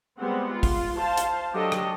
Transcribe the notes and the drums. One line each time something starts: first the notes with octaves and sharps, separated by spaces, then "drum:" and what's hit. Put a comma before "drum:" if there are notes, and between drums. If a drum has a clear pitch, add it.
G3 G#3 B3 C4 F#5
F4
drum: kick, open hi-hat
C5 F5 A5
drum: hi-hat
F#3 D4 G4 A4 D#5
drum: rim click